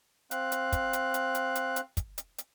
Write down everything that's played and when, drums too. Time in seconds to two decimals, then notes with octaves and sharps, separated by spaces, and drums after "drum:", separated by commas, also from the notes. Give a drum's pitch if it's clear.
0.31 C4 F5 F#6, drum: hi-hat
0.52 drum: hi-hat
0.72 drum: kick, hi-hat
0.93 drum: hi-hat
1.14 drum: hi-hat
1.35 drum: hi-hat
1.55 drum: hi-hat
1.76 drum: hi-hat
1.97 drum: kick, hi-hat
2.18 drum: hi-hat
2.38 drum: hi-hat